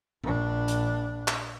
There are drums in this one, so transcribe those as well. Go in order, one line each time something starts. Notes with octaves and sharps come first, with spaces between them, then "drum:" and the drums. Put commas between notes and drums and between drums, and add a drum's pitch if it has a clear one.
A#1 D4, drum: tom A#2
drum: hi-hat
drum: clap